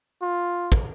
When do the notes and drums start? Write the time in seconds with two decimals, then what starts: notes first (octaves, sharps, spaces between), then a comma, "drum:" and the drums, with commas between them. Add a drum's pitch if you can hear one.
0.22 F4
0.72 drum: kick